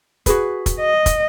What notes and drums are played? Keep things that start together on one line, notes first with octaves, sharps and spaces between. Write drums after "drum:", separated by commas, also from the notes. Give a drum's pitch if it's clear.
F#4 G#4 B4, drum: kick, hi-hat
drum: kick, hi-hat
D#5
drum: kick, hi-hat